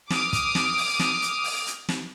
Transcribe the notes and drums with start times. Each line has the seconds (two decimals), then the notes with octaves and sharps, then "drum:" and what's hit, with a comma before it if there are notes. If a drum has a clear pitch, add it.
0.10 D6 D#6 F6 D7, drum: snare
0.33 drum: kick, hi-hat
0.55 drum: snare
0.77 drum: open hi-hat
0.99 drum: snare
1.22 drum: hi-hat
1.44 drum: open hi-hat
1.66 drum: hi-hat
1.89 drum: snare